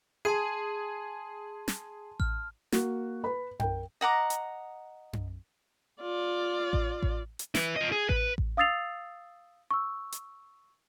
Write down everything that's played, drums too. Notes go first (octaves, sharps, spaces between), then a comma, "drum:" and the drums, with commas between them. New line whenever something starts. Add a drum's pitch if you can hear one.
G#4 A5 C6 D#7
drum: snare
F6, drum: kick A1
A#3 F#4, drum: snare
B4 B5
A#4 G5, drum: tom F#2
D#5 F#5 A#5 D6
drum: hi-hat
drum: tom F#2
F4 D5
drum: kick A1
drum: kick A1
drum: hi-hat
E4 B4, drum: snare
F4 D#5
G#4
B4, drum: kick A1
drum: kick A1
F5 D#6 E6 A6 C7 F7
C#6 E6
drum: hi-hat